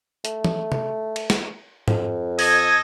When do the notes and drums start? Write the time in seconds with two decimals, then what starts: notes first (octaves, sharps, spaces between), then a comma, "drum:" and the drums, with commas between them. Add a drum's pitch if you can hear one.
0.25 A3, drum: hi-hat
0.45 drum: tom
0.72 drum: tom C3
1.16 drum: cymbal
1.30 drum: snare
1.88 F2, drum: tom
2.39 A4 D#5 G#6, drum: open hi-hat